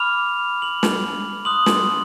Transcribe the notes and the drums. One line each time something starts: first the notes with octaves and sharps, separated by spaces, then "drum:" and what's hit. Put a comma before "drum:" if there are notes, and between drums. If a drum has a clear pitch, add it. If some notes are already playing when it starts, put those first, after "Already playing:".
Already playing: B5 D6 F6 F7
F#7
drum: snare
C6 D#6 F#6 F#7
drum: snare